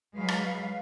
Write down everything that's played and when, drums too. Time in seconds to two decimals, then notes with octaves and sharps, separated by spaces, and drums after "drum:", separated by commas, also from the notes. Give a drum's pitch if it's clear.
0.16 F#3 G#3 B4 F5
0.28 drum: rim click